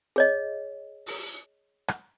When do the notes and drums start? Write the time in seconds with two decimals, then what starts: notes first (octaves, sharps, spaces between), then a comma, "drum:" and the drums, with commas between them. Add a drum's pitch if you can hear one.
0.16 G#4 C#5 D#5
1.06 drum: open hi-hat
1.88 drum: rim click